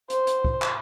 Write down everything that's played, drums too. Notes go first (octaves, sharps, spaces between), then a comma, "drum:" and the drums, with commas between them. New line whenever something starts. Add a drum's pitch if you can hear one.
C5, drum: hi-hat
drum: hi-hat
drum: kick
drum: clap